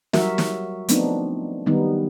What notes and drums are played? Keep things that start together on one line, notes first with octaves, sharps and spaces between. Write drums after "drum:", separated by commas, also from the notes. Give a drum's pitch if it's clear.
F#3 G3 F#4 A#4 E5, drum: snare
drum: snare
F3 A3 B3 C4 D4 D#4, drum: hi-hat
D#3 F#3 G3 B3 D#4